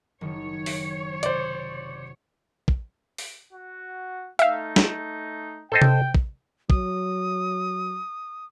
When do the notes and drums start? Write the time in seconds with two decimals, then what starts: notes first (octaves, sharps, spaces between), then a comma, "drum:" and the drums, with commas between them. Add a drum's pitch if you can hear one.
0.21 F#1 D#3 C#5
0.66 drum: open hi-hat
1.23 C3 C5 D5, drum: hi-hat
2.68 drum: kick
3.18 drum: open hi-hat
3.53 F#4
4.39 A3 D#4 E5 F5, drum: hi-hat
4.76 drum: snare
5.72 A4 C5 D#5 G5
5.82 drum: tom C3
6.15 drum: kick
6.70 F#3 D#6, drum: kick